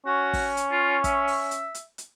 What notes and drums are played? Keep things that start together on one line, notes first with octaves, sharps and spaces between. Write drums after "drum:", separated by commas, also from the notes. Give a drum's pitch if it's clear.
C#4 F#4
drum: kick, open hi-hat
drum: hi-hat
F4
E5, drum: kick, hi-hat
drum: open hi-hat
drum: hi-hat
drum: hi-hat
drum: hi-hat